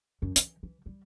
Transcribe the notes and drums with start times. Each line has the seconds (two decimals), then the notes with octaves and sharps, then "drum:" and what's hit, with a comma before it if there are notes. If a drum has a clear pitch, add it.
0.22 F#2
0.36 E3, drum: hi-hat
0.63 E3
0.86 G3